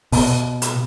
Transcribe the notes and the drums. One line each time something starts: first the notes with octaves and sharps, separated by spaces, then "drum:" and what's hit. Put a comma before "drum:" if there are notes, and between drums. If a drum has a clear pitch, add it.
B2, drum: open hi-hat
drum: hi-hat